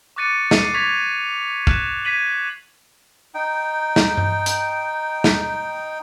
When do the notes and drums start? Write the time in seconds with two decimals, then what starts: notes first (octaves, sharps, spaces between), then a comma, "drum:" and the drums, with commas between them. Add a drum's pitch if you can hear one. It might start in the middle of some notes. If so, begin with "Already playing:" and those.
0.16 C#6 D6 F#6 A6 C#7 D#7
0.51 A6 C7 D#7, drum: snare
0.74 C#6 G#6 A6 B6 F7
1.67 F6 F#6 E7, drum: kick
2.05 G#6 B6 D#7 F#7
3.34 D#4 G5
3.96 drum: snare
4.17 drum: tom G2
4.46 drum: hi-hat
5.24 drum: snare